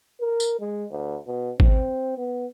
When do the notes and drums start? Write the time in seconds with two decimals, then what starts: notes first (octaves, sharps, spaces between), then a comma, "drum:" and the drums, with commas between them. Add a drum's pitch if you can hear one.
0.21 A#4
0.40 drum: tambourine
0.60 G#3
0.91 D2
1.27 B2
1.60 C4, drum: kick G#1
2.18 B3